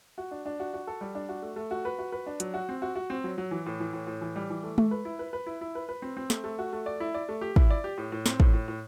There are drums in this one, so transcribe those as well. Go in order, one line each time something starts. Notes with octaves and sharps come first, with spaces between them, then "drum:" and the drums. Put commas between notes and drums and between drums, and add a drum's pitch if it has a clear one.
F#4
D4
D4
F#4
F#4
A4
G3
D4
F#4
A3
A3
F#4
B4
F#4
B4
D4
F#3, drum: hi-hat
F#4
C4
F#4
F#4
C4
F#3
F#3
E3
A2
E3
A2
A2
E3
G3
E3
A3
A3, drum: tom G#3
B4
E4
B4
B4
E4
E4
B4
B4
C4
C4
A3, drum: snare
A3
F#4
A3
D5
E4
D5
A3
G4
E4, drum: kick
D5
G4
A2
A2
C4, drum: snare
A2, drum: kick
A2
A2